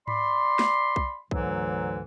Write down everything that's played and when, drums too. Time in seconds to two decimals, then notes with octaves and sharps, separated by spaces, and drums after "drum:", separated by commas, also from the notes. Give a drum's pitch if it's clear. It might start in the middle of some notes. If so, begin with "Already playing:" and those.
0.08 D5 B5 C6, drum: tom G#2
0.59 drum: snare
0.96 drum: kick B1
1.31 D2 G#2 D3 E3 F#3, drum: kick B1